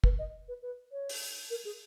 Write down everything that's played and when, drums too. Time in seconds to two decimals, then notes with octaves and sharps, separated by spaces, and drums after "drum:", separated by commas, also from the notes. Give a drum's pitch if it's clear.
0.04 B4, drum: kick
0.19 D#5
0.48 B4
0.62 B4
0.92 C#5
1.09 drum: open hi-hat
1.50 A#4
1.65 G#4